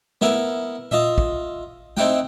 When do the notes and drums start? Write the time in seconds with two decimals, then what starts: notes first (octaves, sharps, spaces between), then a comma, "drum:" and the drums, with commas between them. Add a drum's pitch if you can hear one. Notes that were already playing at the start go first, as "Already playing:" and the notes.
0.21 B3 E4 A#4 E5, drum: snare
0.91 F4 D#5 E5, drum: tom A#2
1.18 drum: kick
1.97 C4 D#4 E4 F#5 G5, drum: snare